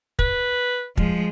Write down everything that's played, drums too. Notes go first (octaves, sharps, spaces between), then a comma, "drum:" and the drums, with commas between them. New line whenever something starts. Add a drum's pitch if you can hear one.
B4, drum: kick
F3 G#3, drum: kick